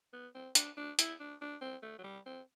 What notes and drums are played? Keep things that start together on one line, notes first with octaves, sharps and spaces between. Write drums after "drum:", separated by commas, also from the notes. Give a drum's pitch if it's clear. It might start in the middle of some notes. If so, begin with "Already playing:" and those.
B3
C4
D4, drum: hi-hat
D4
E4, drum: hi-hat
D4
D4
C4
A3
F#3
G3
C4